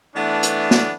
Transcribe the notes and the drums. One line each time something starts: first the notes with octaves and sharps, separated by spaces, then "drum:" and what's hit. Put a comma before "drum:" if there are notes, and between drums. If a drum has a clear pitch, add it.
E3 A3 B3 D4
drum: hi-hat
drum: snare